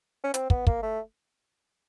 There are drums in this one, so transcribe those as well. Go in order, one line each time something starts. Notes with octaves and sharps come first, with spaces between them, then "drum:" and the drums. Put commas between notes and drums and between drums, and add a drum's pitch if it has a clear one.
C#4
C4, drum: hi-hat
B3, drum: kick
A#3, drum: kick
A3